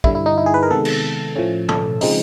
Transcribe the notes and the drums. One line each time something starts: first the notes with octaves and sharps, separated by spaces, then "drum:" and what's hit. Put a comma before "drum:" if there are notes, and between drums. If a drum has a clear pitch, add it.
G2 D3 G3 E4, drum: kick
E4
D#4
E4
G#4
B4
A#4
C3 D#3 G#3 B3 A4
drum: cymbal
A2 F3 A3 C#4
A4, drum: tom
C#3 F3 G#3 C4 D#4, drum: open hi-hat